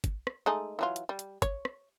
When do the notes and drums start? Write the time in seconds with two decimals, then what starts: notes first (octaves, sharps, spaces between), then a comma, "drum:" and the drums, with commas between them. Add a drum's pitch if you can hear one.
0.04 drum: kick, hi-hat
0.27 drum: rim click
0.46 G#3 A3 D#4
0.79 E3 F#3 F4
0.96 drum: hi-hat
1.09 G3
1.19 drum: hi-hat
1.42 C#5, drum: kick, hi-hat
1.65 drum: rim click